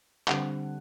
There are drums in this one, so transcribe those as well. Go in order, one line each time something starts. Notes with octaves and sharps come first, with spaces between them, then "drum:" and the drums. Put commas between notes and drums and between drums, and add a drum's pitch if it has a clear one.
D3 G3 C4 F#5, drum: clap